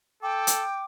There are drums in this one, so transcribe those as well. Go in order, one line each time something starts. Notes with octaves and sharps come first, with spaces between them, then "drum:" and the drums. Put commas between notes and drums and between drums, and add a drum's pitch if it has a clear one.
A4 G5 D6
drum: hi-hat